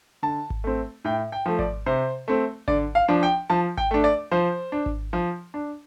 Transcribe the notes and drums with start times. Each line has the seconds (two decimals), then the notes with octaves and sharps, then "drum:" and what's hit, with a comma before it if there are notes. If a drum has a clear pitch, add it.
0.23 D3 A5
0.50 drum: kick G#1
0.64 A3 C4
1.05 A2 G5
1.32 G5
1.46 F3 A3
1.59 D5, drum: kick G#1
1.86 C3 C5
2.28 A3 C4
2.68 D3 D5, drum: kick G#1
2.95 F5
3.08 F3 D4
3.23 G5
3.50 F3 A5
3.77 G5, drum: kick G#1
3.91 A3 D4
4.04 D5
4.31 F3 C5
4.72 D4
4.86 drum: kick G#1
5.13 F3
5.54 D4